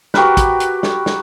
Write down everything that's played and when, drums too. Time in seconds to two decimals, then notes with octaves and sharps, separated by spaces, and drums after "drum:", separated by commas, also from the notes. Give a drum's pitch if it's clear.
0.14 F#4 G4 A#4 B4, drum: snare
0.37 drum: kick, hi-hat
0.60 drum: hi-hat
0.83 drum: snare
1.06 drum: snare